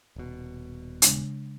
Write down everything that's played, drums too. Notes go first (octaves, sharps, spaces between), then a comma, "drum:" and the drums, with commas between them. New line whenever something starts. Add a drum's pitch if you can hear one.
D#1 B2
C#3 G#3 D4, drum: hi-hat